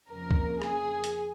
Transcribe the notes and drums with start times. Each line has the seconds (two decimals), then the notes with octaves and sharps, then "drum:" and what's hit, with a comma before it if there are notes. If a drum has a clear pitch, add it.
0.10 F2 C#3 F3 A#3 A#4
0.31 drum: kick C#2
0.62 G#4, drum: rim click
1.04 drum: hi-hat